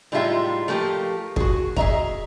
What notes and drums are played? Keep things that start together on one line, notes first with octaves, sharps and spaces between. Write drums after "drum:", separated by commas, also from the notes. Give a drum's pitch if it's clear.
A2 G3 G#3 D#4 F4 E5
F3 A3 A#3 G4
F#4 G#4, drum: kick
G#4 D#5 E5 A#5, drum: kick